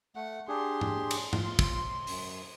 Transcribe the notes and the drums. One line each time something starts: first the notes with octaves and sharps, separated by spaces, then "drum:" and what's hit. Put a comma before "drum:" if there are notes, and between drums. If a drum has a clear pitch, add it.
A3 F#5
D4 G4 G#4 C6
drum: tom G#2
drum: cymbal
F4, drum: tom G#2
drum: kick
F#2, drum: open hi-hat